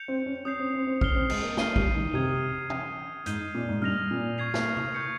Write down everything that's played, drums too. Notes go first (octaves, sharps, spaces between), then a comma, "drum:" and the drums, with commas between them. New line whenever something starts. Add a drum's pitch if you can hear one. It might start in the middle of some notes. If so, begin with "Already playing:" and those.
Already playing: G6 C#7 F7
C4
C#4
C#4 D#6 G6 C7
C4
C4
C4
C#4 F6 C7 G7, drum: kick
C4
G#3, drum: cymbal
A#3
C#4 F6 C7 D#7 G7, drum: snare
G3, drum: kick
D#3
C3 D#6 G#6 D#7
D#6 G#6 D#7, drum: tom
G#2 D#6 G6 C7 D#7 G7, drum: hi-hat
A#2
G#2
G2 F6 A#6 F7
A#2
C#6 G#6 C7 F7
drum: snare
drum: tom C3
C#6 G6 C#7